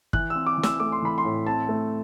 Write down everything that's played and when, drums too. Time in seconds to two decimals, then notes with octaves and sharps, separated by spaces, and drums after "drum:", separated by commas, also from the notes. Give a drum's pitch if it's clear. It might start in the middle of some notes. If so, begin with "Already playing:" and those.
0.13 E3 F#6, drum: kick
0.30 C4 E6
0.47 D6
0.58 E3
0.63 E6, drum: snare
0.80 A3 D6
0.92 C6
1.02 E3 B5
1.18 C6
1.25 A2
1.47 C4 A5
1.69 A3